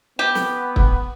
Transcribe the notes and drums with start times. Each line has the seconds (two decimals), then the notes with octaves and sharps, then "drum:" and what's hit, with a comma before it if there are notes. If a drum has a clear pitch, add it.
0.19 B3 G4
0.35 drum: snare
0.76 drum: kick